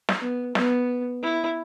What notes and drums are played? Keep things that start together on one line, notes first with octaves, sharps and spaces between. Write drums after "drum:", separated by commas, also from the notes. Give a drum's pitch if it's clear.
drum: snare
B3
B3, drum: snare
E4